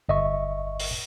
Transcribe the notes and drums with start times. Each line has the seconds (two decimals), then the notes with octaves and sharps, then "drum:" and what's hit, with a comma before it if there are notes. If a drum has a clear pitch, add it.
0.09 G1 D#5 E5 C#6
0.80 drum: open hi-hat